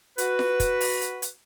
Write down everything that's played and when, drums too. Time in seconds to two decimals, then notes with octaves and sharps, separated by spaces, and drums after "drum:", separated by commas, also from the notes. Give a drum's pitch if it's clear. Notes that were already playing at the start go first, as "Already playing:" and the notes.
0.18 F#4 B4, drum: hi-hat
0.39 drum: snare F4
0.60 drum: kick, hi-hat
0.81 drum: open hi-hat
1.01 drum: hi-hat
1.22 drum: hi-hat